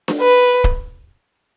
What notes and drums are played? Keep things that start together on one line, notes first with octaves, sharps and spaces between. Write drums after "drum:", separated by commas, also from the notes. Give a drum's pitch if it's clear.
drum: snare D4
B4
drum: kick